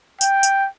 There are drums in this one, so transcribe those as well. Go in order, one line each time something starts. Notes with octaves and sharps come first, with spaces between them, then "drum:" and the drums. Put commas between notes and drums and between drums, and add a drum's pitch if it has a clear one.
G5, drum: tambourine
drum: tambourine